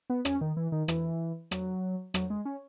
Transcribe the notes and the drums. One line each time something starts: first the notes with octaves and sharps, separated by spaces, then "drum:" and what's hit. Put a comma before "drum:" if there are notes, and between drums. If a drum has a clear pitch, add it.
B3
C#4, drum: rim click
D#3
E3
D#3
E3, drum: rim click
F#3, drum: rim click
F#3, drum: rim click
G#3
C#4